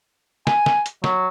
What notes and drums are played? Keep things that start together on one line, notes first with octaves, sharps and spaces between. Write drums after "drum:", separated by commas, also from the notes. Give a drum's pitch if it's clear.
G#5, drum: snare
drum: snare
drum: hi-hat
F#3, drum: snare